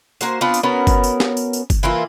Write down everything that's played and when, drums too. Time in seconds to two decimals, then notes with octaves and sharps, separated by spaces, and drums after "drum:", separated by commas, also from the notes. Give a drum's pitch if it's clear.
0.21 A#3 F#4 C5, drum: tambourine
0.41 B3 C4 D4 F4
0.54 drum: tambourine
0.63 B3 C#4 F#4 A#4
0.87 drum: kick G1, tambourine
1.04 drum: tambourine
1.20 drum: snare
1.37 drum: tambourine
1.53 drum: tambourine
1.70 drum: kick G1, tambourine
1.83 E3 A#3 E4 F4